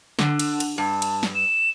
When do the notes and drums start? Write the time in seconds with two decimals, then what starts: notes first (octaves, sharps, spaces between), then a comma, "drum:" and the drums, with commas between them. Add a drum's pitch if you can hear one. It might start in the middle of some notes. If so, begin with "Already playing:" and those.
0.19 D3, drum: snare
0.39 drum: cymbal
0.60 drum: cymbal
0.78 G2 A5
1.02 drum: cymbal
1.23 drum: snare
1.34 E7